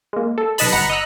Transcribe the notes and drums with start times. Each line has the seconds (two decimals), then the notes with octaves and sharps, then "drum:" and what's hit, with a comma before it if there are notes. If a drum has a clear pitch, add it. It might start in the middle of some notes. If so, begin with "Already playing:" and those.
0.13 G#3 A#3
0.38 A4
0.58 B1 B4 D#5 A5 B5, drum: open hi-hat
0.72 G1 F#5 A#5 B5 C#7
0.90 D#5 A#5 E6 F#6